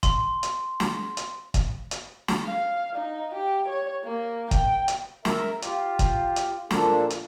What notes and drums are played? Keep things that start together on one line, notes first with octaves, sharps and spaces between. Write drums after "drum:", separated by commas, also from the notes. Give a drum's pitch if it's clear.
C6, drum: kick, hi-hat
drum: hi-hat
drum: snare
drum: hi-hat
drum: kick, hi-hat
drum: hi-hat
drum: snare
F5
D#4
G4
C#5
A#3
G5, drum: kick, hi-hat
drum: hi-hat
A#4 E5, drum: snare
F4 G4, drum: hi-hat
drum: kick, hi-hat
drum: hi-hat
A#2 F3 A#3 D4 A4, drum: snare
drum: hi-hat